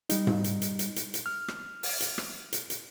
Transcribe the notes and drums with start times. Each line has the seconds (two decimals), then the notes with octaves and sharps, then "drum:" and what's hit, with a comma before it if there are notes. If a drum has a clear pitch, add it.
0.10 G3 D#4, drum: hi-hat
0.27 drum: tom G#2
0.44 drum: hi-hat
0.62 drum: hi-hat
0.79 drum: hi-hat
0.96 drum: hi-hat
1.14 drum: hi-hat
1.26 F6
1.48 drum: rim click
1.83 drum: open hi-hat
2.00 drum: hi-hat
2.18 drum: rim click
2.53 drum: hi-hat
2.70 drum: hi-hat